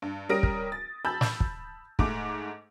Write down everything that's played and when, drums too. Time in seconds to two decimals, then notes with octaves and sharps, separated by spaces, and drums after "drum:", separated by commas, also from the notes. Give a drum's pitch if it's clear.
0.02 G2
0.29 G3 C#4 A#4 D#6 A#6 D7
0.43 drum: kick
0.72 A6
1.05 A5 B5 E6 G6 A6
1.21 drum: snare
1.40 drum: kick
1.99 G#2 A3 D6, drum: kick